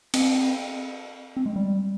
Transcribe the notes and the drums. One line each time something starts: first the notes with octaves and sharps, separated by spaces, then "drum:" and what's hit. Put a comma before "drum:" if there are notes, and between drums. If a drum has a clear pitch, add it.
C4, drum: cymbal
C4
G#3
G3